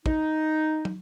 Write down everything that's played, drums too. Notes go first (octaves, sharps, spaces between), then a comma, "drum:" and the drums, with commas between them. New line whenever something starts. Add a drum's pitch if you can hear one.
D#4, drum: kick
drum: tom